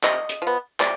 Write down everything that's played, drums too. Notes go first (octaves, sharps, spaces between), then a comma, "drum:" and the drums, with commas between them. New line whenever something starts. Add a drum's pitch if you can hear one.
C3 D#5, drum: clap
drum: hi-hat
F3
B3
C3 D5, drum: clap